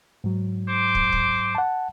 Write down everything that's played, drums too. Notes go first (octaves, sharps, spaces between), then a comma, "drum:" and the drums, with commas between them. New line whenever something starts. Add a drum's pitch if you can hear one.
G#2 F#3
C5 D6
drum: kick
drum: kick
F#5 A5